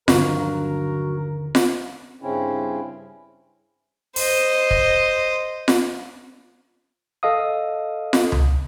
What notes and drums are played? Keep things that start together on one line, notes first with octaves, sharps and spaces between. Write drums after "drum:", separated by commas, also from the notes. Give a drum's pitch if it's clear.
D#1 G2 D3 F3 F#3 A#4 F5, drum: snare F4
drum: snare F4
G2 C#3 C4 C#4 E4
C5 D#5, drum: open hi-hat
drum: kick
drum: snare F4
A4 D#5 F5 D#6
drum: snare F4
drum: tom C#2